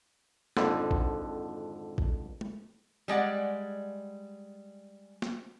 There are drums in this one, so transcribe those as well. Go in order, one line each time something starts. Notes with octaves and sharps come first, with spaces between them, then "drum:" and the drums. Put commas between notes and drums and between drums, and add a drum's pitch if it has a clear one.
G#1 F2 D3, drum: snare
drum: kick A#1
drum: kick A#1
drum: tom
G3 G#3 D5 F#5
drum: snare